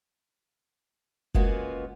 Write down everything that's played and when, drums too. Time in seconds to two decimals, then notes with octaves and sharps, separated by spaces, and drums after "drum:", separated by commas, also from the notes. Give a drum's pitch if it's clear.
1.34 C#3 G#3 A#3 B3 F4 F#4, drum: kick F1